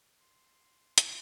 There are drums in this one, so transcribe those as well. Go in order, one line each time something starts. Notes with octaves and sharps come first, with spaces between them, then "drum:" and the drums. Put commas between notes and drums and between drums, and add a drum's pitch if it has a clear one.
C6
drum: hi-hat